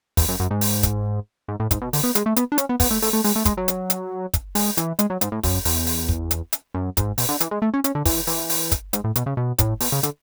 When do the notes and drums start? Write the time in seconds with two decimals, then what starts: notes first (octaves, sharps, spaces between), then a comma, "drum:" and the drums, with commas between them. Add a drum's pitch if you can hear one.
0.17 E2, drum: kick, open hi-hat
0.28 F#2
0.40 F#2
0.51 G#2
0.61 drum: open hi-hat
0.83 drum: kick, hi-hat
1.48 G#2
1.60 A2
1.71 G#2, drum: kick, hi-hat
1.82 B2
1.93 D3, drum: open hi-hat
2.03 B3
2.15 G#3, drum: hi-hat
2.26 A3
2.36 B3, drum: hi-hat
2.52 D4
2.58 C#4, drum: hi-hat
2.69 B3
2.80 B3, drum: kick, open hi-hat
2.91 A3
3.02 A3, drum: open hi-hat
3.13 A3
3.24 G#3, drum: open hi-hat
3.36 A3
3.45 G#3, drum: kick, hi-hat
3.57 F#3
3.68 drum: hi-hat
3.90 drum: hi-hat
4.34 drum: kick, hi-hat
4.55 G#3, drum: open hi-hat
4.77 E3, drum: hi-hat
4.99 G#3, drum: hi-hat
5.10 F#3
5.21 G#2, drum: hi-hat
5.32 A2
5.43 F#2, drum: kick, open hi-hat
5.65 E2, drum: open hi-hat
5.87 drum: open hi-hat
6.09 drum: kick
6.31 drum: hi-hat
6.53 drum: hi-hat
6.74 F#2
6.97 G#2, drum: kick, hi-hat
7.18 B2, drum: open hi-hat
7.29 D3
7.40 E3, drum: hi-hat
7.51 G#3
7.62 A3
7.74 C#4
7.84 C#4, drum: hi-hat
7.95 D3
8.05 E3, drum: kick, open hi-hat
8.27 E3, drum: open hi-hat
8.50 drum: open hi-hat
8.71 drum: kick, hi-hat
8.93 G#2, drum: hi-hat
9.04 A2
9.16 B2, drum: hi-hat
9.26 C#3
9.37 B2
9.58 A2, drum: kick, hi-hat
9.80 B2, drum: open hi-hat
9.92 C#3
10.03 D3, drum: hi-hat